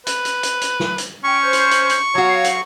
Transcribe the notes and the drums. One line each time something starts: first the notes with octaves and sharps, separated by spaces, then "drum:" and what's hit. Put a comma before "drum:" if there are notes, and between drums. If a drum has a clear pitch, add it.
B4, drum: hi-hat
drum: hi-hat
drum: hi-hat
drum: hi-hat
drum: snare
drum: hi-hat
C#4 G5 C#6
C5 G6
drum: hi-hat
drum: hi-hat
drum: hi-hat
F#3 F#4 C#5 F5
drum: hi-hat